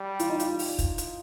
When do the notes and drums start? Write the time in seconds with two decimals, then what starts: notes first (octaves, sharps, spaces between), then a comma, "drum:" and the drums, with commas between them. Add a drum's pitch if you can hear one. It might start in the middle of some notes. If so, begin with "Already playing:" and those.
Already playing: G3
0.20 F4, drum: hi-hat
0.30 D#4
0.40 F4, drum: hi-hat
0.59 drum: open hi-hat
0.79 drum: kick, hi-hat
0.98 drum: hi-hat